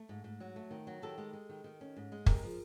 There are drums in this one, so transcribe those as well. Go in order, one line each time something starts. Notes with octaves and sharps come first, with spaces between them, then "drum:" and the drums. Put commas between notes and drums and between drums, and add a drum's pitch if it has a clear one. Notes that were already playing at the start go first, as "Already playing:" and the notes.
Already playing: A3
G#2
G#2
F#3
A3
D#3
F#3
D#3 G4 A4
G#3
G#3
D#3
D#3
C#4
G#2
G#3
C3 G#4 A#4, drum: kick
F3